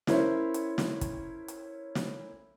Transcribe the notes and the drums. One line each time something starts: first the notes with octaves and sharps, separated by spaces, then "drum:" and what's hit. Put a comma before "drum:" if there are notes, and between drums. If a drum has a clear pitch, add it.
C#4 E4 A#4 C5 C#5 E5, drum: snare
drum: hi-hat
drum: snare
drum: kick, hi-hat
drum: hi-hat
drum: snare